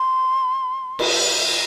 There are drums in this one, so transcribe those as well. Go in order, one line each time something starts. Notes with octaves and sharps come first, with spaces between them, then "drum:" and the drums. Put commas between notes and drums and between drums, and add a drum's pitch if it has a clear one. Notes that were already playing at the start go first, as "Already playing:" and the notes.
Already playing: C6
drum: cymbal